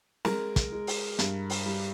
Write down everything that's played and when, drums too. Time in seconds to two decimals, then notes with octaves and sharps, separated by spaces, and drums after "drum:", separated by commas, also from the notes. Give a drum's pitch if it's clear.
0.25 G#3 A#4, drum: snare
0.56 drum: kick, hi-hat
0.72 G#3
0.87 drum: open hi-hat
1.19 G2, drum: hi-hat
1.50 drum: open hi-hat
1.66 G3